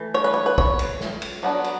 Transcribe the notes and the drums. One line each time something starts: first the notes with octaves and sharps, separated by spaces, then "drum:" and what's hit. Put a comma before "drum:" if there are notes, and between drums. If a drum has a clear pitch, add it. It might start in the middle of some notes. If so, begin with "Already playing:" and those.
Already playing: E3 A3
C#5
B4
C#5
B4
C#5, drum: kick
drum: cymbal
drum: snare
drum: cymbal
F#3 B3 D4
drum: cymbal